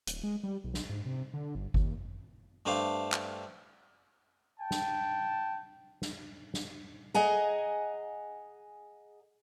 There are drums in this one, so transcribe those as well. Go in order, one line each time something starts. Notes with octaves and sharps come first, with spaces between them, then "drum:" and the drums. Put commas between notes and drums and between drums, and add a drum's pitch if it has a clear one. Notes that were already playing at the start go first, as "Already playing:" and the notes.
D1, drum: hi-hat
G#3
G3
B1
drum: snare
G#2
C3
D3
G1
D#2, drum: kick G1
G2 A3 C4 D4 F5
drum: clap
G5 A5
drum: snare
drum: snare
drum: snare
G#4 D#5 F#5 G#5 A#5